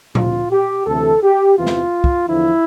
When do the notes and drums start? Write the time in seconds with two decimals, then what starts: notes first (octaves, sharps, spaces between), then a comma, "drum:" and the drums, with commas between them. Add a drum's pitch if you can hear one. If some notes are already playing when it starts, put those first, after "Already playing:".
0.15 D2 C3 F3 F4, drum: tom A#2
0.51 G4
0.86 D2 C3 E3 A4
1.22 G4
1.57 E2 C3 E3 F4
1.66 drum: snare
2.04 drum: kick
2.28 E2 D3 F3 E4